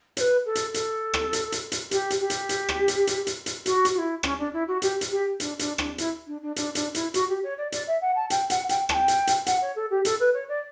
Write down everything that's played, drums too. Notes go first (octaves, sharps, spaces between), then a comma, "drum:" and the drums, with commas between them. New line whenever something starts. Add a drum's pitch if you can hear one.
C#5, drum: hi-hat
B4
A4
drum: hi-hat
A4, drum: hi-hat
drum: rim click
drum: hi-hat
drum: hi-hat
drum: hi-hat
G4, drum: hi-hat
drum: hi-hat
G4
drum: hi-hat
drum: hi-hat
drum: rim click
drum: hi-hat
drum: hi-hat
drum: hi-hat
drum: hi-hat
F#4, drum: hi-hat
drum: hi-hat
F#4
E4
C#4, drum: rim click
D4
E4
F#4
G4, drum: hi-hat
drum: hi-hat
G4
D4, drum: hi-hat
D4, drum: hi-hat
D4, drum: rim click
E4, drum: hi-hat
D4
D4
D4, drum: hi-hat
D4, drum: hi-hat
E4, drum: hi-hat
F#4, drum: hi-hat
G4
C#5
D5
D5, drum: hi-hat
E5
F#5
A5
G5, drum: hi-hat
F#5, drum: hi-hat
G5, drum: hi-hat
A5, drum: rim click
G5
drum: hi-hat
drum: hi-hat
F#5, drum: hi-hat
C#5
A4
G4
A4, drum: hi-hat
B4
C#5
D5